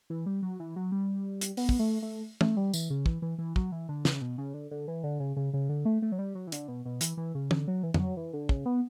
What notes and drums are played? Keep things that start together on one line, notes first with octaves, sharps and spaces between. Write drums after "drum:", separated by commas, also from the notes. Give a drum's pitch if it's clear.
E3
G3
F#3
E3
F#3
G3
drum: hi-hat
B3, drum: open hi-hat
drum: kick
A3
A3
A3, drum: tom
G3
E3, drum: tambourine
C#3
E3, drum: kick
E3
E3
F#3, drum: kick
E3
D3
C#3, drum: snare
B2
C#3
D3
D3
E3
D3
C#3
C#3
C#3
D3
A3
A3
F#3
G3
F#3
E3
D3, drum: hi-hat
B2
B2
E3, drum: hi-hat
E3
C#3
D3, drum: tom
F#3
E3
E3, drum: tom F2
F#3
E3
D3
C#3, drum: kick
B3